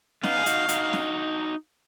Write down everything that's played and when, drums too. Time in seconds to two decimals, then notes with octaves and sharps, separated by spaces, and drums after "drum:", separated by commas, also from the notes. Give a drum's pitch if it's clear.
0.23 B3 D#4 F5, drum: snare
0.37 G#4
0.46 D#4 F#4, drum: hi-hat
0.69 D#4 F#4, drum: hi-hat
0.93 drum: snare